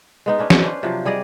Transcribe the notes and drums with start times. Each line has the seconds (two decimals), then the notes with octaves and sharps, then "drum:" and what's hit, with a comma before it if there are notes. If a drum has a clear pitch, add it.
0.26 G#3 B3 D#4
0.38 B3 C#4 D4 E5
0.50 D4, drum: snare
0.63 C#4 D4 B4 C5
0.83 C3 F3 F#3
1.05 G3 G#4 D5 D#5